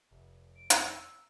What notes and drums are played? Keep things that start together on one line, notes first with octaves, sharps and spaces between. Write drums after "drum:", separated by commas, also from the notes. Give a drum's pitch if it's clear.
F1
D7
E6, drum: hi-hat